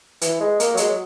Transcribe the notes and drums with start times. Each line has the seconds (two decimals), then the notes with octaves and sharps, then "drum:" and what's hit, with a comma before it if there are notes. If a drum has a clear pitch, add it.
0.21 E3, drum: hi-hat
0.40 G#3
0.60 A#3, drum: hi-hat
0.74 F#3
0.77 G#3, drum: hi-hat
0.89 F#3